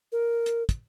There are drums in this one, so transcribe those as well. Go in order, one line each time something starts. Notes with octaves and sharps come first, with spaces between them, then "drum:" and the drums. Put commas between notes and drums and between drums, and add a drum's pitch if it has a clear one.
A#4
drum: hi-hat
drum: kick, hi-hat